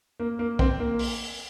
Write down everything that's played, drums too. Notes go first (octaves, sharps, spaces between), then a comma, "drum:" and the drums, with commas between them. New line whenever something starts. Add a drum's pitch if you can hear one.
A#3
A#3
C4, drum: kick A#1
A#3
drum: open hi-hat